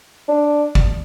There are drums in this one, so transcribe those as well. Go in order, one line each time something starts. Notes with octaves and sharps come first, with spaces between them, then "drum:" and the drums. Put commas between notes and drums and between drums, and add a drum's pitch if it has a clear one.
D4
drum: kick G1